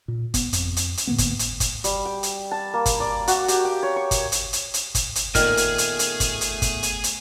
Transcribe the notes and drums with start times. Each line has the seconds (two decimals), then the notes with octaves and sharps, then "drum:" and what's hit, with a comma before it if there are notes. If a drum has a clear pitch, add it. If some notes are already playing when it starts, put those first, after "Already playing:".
0.08 A#2
0.34 B3, drum: kick G1, hi-hat
0.53 F2, drum: hi-hat
0.77 drum: hi-hat
0.97 drum: hi-hat
1.07 A2 D3 A#3 B3
1.18 drum: kick G1, hi-hat
1.39 drum: hi-hat
1.60 drum: kick G1, hi-hat
1.84 G3, drum: hi-hat
2.05 G5
2.23 drum: hi-hat
2.51 A5
2.74 A#3
2.86 drum: kick G1, hi-hat
3.00 D5
3.27 F#4, drum: hi-hat
3.48 G4, drum: hi-hat
3.65 G5
3.83 C#5
3.96 C#6
4.11 drum: kick G1, hi-hat
4.32 drum: hi-hat
4.53 drum: hi-hat
4.74 drum: hi-hat
4.95 drum: kick G1, hi-hat
5.15 drum: hi-hat
5.35 A#2 D#3 A3 B3 G#4 G#5 F6, drum: kick G1, hi-hat
5.57 drum: hi-hat
5.78 drum: hi-hat
5.99 drum: hi-hat
6.20 drum: kick G1, hi-hat
6.41 drum: hi-hat
6.62 drum: kick G1, hi-hat
6.83 drum: hi-hat
7.04 drum: hi-hat